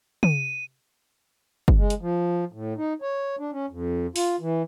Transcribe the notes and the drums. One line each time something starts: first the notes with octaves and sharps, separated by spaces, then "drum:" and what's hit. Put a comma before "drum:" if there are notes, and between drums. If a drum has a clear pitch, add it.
D#7, drum: tom
drum: kick
G#3
drum: hi-hat
F3
A2
D#4
C#5
D4
C#4
F2
F4, drum: open hi-hat
E3